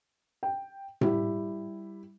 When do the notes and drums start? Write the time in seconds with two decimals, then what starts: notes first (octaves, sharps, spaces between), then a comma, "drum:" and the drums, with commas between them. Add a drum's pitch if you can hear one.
0.43 G5
1.01 G3 E4 G4, drum: tom A2